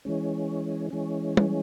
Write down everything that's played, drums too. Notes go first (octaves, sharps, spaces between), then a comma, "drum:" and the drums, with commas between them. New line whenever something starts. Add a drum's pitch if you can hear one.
E3 G#3 C#4
E3 G#3 C#4
drum: tom